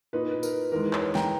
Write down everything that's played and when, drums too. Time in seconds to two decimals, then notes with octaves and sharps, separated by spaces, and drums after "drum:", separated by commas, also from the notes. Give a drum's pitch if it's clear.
0.13 A#2 A#3 D#4 B4
0.31 B4
0.43 A#4, drum: tambourine
0.72 E2 D#3 G#3 A#4
0.93 C#5, drum: clap
1.01 B4
1.15 G5 A#5, drum: snare